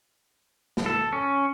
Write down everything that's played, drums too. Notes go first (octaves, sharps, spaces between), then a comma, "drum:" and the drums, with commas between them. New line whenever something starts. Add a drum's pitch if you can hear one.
drum: snare
A4
C#4